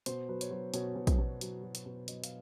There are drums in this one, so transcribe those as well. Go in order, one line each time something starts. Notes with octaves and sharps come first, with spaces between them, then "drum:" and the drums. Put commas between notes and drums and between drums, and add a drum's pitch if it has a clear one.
B2 C5, drum: hi-hat
F#3 B4
C#5, drum: hi-hat
F#3 C5
B2 C#5, drum: hi-hat
B2
drum: kick, hi-hat
B2
F#3, drum: hi-hat
F#3
drum: hi-hat
B2
F#3 D#5, drum: hi-hat
F5, drum: hi-hat